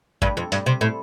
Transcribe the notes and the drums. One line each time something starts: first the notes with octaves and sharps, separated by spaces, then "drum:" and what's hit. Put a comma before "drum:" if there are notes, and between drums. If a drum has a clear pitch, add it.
G2, drum: kick G#1
F2
G2, drum: hi-hat
C3
A2